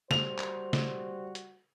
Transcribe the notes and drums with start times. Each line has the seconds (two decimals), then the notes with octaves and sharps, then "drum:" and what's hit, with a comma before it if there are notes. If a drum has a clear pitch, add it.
0.11 G3 F#4 C5 F7, drum: snare
0.39 drum: clap
0.73 drum: snare
1.35 drum: hi-hat